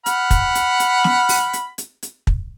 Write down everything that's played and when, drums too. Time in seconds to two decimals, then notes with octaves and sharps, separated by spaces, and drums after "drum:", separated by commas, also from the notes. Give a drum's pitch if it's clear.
0.06 F#5 B5 F6, drum: hi-hat
0.31 drum: kick, hi-hat
0.55 drum: hi-hat
0.80 drum: hi-hat
1.04 drum: snare
1.29 drum: open hi-hat
1.53 drum: hi-hat
1.78 drum: hi-hat
2.03 drum: hi-hat
2.27 drum: kick